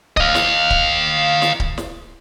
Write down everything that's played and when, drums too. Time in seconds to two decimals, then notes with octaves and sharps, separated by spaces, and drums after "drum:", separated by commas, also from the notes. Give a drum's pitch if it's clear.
0.17 D#5 F5, drum: kick C#1
0.35 drum: snare
0.70 drum: kick C#1
1.42 drum: snare
1.60 drum: kick C#1
1.78 drum: snare